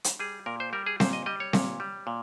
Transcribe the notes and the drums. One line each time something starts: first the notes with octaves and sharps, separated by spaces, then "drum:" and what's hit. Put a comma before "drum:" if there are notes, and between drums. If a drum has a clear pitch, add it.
drum: hi-hat
G3 G#4
A#2 A#4
C5
G3 A#4
G#4
A#2 C5, drum: snare C4
D#5
G3 D#5
C#5
A#2, drum: snare C4
G3
A#2